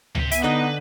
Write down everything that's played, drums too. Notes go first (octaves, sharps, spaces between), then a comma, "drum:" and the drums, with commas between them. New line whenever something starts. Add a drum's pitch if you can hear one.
C3 G4, drum: tom C#2
B3 E5 G5 G#5, drum: hi-hat
D3 D#4 B4 D#5 G5